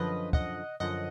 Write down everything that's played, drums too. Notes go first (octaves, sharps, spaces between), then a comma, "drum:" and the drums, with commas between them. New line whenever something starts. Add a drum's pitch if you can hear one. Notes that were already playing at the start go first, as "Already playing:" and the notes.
Already playing: F#2 D3 F3 B4 D#5
D#5 F#5, drum: kick
F#2 D3 F3 D#5 F#5